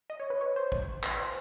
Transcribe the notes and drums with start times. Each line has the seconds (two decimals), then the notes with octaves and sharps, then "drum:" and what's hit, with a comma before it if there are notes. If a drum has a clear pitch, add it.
0.10 D#5
0.20 C#5
0.30 B4
0.41 C#5
0.56 C5
0.72 drum: kick
1.03 B4, drum: clap
1.19 C5